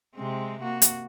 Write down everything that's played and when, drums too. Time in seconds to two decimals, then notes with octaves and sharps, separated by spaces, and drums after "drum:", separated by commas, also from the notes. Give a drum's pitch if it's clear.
0.15 C3 G#3 C4
0.62 A#3 F#4
0.82 drum: hi-hat